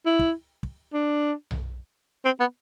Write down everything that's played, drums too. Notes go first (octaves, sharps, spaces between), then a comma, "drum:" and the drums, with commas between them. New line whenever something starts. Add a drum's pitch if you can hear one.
E4
drum: kick
drum: kick
D4
drum: tom B1
C4
B3